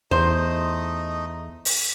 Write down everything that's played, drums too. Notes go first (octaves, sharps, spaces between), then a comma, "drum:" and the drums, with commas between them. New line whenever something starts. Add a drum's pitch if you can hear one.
E2 A3 D#4 C5 D#5
drum: open hi-hat